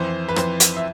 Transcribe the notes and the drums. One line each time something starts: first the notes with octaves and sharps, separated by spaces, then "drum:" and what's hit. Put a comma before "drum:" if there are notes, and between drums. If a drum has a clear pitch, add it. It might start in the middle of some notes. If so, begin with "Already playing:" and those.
Already playing: F2 E3 C5
B4
F2 E3 C5, drum: rim click
drum: hi-hat
E5